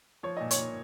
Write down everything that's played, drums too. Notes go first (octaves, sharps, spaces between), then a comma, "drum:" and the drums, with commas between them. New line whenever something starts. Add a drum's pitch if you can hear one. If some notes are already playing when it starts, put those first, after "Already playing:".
F3 C#5
A#2 D#5
C#5, drum: hi-hat
A#2